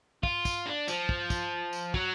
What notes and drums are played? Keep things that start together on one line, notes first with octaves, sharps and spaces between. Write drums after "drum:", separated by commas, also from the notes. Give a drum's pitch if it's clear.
F4, drum: kick
drum: kick, tambourine
D4
F3, drum: tambourine
drum: kick
drum: kick, tambourine
drum: tambourine
F#3, drum: kick